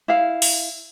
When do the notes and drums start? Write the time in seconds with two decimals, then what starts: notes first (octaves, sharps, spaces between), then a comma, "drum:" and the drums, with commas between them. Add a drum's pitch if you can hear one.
0.08 E4 F5
0.42 drum: open hi-hat